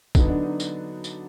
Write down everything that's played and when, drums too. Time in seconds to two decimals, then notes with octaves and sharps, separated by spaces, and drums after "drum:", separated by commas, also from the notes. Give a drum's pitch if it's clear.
0.15 D3 F#3 B3 D#4, drum: kick, tambourine
0.28 D4
0.43 D#4
0.60 drum: tambourine
1.04 drum: tambourine